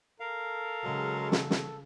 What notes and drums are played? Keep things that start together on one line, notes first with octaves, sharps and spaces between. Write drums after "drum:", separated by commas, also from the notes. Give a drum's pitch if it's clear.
A4 A#4 F5
C#3 F#3 G#3
drum: snare
drum: snare